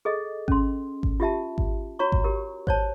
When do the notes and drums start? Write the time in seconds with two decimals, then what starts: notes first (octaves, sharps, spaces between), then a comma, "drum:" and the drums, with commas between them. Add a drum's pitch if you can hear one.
0.05 G#4 A4 D#5
0.48 C#4 C6, drum: kick G#1
1.03 drum: kick G#1
1.20 F4 G4 E5 A5
1.58 drum: kick G#1
1.99 F#4 C#5 A#5 C#6
2.12 drum: kick G#1
2.24 G4 A#4
2.67 C5 C#5 A5, drum: kick G#1